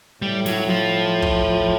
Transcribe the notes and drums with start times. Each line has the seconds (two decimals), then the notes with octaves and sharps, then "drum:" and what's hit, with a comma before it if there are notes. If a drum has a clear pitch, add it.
0.22 A2 G3
0.46 F#3, drum: snare
0.69 F3
1.22 drum: kick